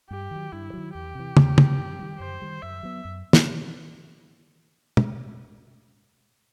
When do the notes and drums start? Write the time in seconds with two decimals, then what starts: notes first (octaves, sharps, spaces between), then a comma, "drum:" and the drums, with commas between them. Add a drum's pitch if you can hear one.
0.10 G2 G4
0.31 D#3 F#3
0.52 G2 E4
0.73 D#3 F#3
0.94 E2 G4
1.15 C3 E3
1.37 E2, drum: tom
1.58 C3 E3, drum: tom
1.78 F#2
1.99 D#3 G3
2.20 F#2 C5
2.42 D#3 G3
2.63 F#2 E5
2.83 F#3 B3
3.05 F#2
3.33 drum: snare
4.97 drum: tom